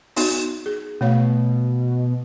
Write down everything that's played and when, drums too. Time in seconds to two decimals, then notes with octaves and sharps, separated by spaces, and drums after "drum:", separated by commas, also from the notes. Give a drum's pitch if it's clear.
0.16 B3 D#4 F#4, drum: open hi-hat
0.66 G#4
1.01 B2 A3 C#5 F5